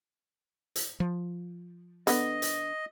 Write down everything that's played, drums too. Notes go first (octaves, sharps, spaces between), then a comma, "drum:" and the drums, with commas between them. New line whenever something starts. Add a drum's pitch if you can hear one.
drum: hi-hat
F3
D3 B3 D#5, drum: hi-hat
drum: hi-hat